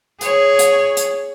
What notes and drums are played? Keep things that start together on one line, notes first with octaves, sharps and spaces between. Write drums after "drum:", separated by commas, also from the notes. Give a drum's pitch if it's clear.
G#4 C#5, drum: hi-hat
drum: hi-hat
drum: hi-hat